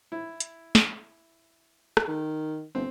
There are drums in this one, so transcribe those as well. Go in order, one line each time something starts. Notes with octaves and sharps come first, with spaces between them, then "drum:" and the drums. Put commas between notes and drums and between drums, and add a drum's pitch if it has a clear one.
E4
drum: hi-hat
drum: snare
drum: rim click
D#3
G1 C4